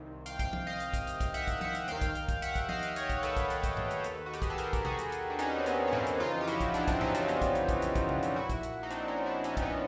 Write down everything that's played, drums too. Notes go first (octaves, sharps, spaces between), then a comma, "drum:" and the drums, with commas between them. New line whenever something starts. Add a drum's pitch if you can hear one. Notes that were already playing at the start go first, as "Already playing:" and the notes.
Already playing: C2 C3 D#3
F5 G5, drum: hi-hat
F5 G5, drum: kick, hi-hat
drum: tom F3
D#5 F5
drum: hi-hat
drum: kick, hi-hat
drum: hi-hat
drum: kick, hi-hat
E5 F#5, drum: hi-hat
drum: kick, hi-hat
E5 F#5, drum: tom F3
drum: hi-hat
D#2 D#3 F5 G5, drum: hi-hat
drum: kick, hi-hat
drum: hi-hat
drum: kick, hi-hat
E5 F#5, drum: hi-hat
drum: kick, hi-hat
D#5 F5, drum: tom F3
drum: hi-hat
C#5 D#5, drum: hi-hat
drum: kick, hi-hat
A4 B4, drum: hi-hat
drum: kick, hi-hat
drum: hi-hat
drum: kick, hi-hat
drum: tom G2
drum: hi-hat
D#2 D#3, drum: hi-hat
F#4
G4, drum: hi-hat
G#4, drum: kick, hi-hat
A4
G#4 A#4, drum: hi-hat
G4, drum: kick, hi-hat
F#4 G#4, drum: tom B2
drum: hi-hat
drum: hi-hat
D4
C#4 D#4, drum: hi-hat
C4
B3 C#4, drum: hi-hat
C#4
A#3 C4, drum: tom G2
drum: hi-hat
F2 C#3 E3 D#4 F4
G4
E4 F#4, drum: hi-hat
drum: kick, hi-hat
D4 E4, drum: hi-hat
C4 D4, drum: kick, hi-hat
C#4 D#4, drum: tom G2
C4 D4, drum: hi-hat
B3 C#4, drum: hi-hat
drum: kick, hi-hat
drum: hi-hat
drum: kick, hi-hat
drum: hi-hat
drum: kick, hi-hat
drum: tom B2
drum: hi-hat
A#1 A#2 E4 F#4
drum: kick, hi-hat
drum: hi-hat
D#4
C4 D4, drum: hi-hat
C#4 D#4
D4 E4
C#4 D#4, drum: hi-hat
C4, drum: kick, hi-hat
B3 C#4